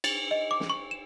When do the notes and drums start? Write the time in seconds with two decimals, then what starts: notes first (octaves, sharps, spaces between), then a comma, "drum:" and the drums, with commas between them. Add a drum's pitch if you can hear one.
0.04 A6, drum: cymbal
0.31 D#5
0.51 D6
0.60 drum: snare
0.70 C#6
0.91 E7